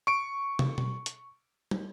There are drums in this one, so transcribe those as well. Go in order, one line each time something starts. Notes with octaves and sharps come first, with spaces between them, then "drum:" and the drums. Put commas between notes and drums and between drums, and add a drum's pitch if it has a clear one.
C#6 D7
drum: tom
drum: tom B2
drum: hi-hat
drum: tom